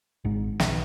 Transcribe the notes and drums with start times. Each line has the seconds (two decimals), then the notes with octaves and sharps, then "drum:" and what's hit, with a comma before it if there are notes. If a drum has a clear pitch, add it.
0.24 G#1 G#2
0.60 B1 B2, drum: snare